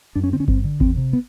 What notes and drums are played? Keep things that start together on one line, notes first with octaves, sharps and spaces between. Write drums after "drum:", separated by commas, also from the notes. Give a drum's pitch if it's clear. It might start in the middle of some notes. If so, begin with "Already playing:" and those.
F#2 D4
C#4
D3 C4
C#4
G2 C4, drum: kick G1
D3
E2 C4, drum: kick G1
C3
B3